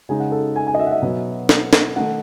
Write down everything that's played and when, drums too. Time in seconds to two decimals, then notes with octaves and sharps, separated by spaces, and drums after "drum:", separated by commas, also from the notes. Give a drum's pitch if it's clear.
0.09 C#3 G#3 D#4 G#5
0.20 F#5
0.32 A4
0.56 G#5
0.67 G#5
0.74 D#5
0.79 E5
0.86 F#5
0.91 E5
1.02 B2 F#3 B3
1.49 drum: snare
1.73 drum: snare
1.96 D#3 A3 D#4 F#5